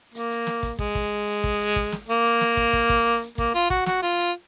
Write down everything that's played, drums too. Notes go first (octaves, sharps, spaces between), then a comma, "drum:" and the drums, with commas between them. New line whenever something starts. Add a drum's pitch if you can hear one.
A#3, drum: hi-hat
drum: hi-hat
drum: snare
drum: kick, hi-hat
G#3, drum: kick
drum: kick
drum: hi-hat
drum: kick
drum: hi-hat
drum: kick
drum: snare
A#3, drum: hi-hat
drum: hi-hat
drum: snare
drum: kick, hi-hat
drum: kick
drum: kick
drum: hi-hat
A#3, drum: kick
F4, drum: hi-hat
F#4, drum: kick
F#4, drum: snare
F4, drum: hi-hat
drum: hi-hat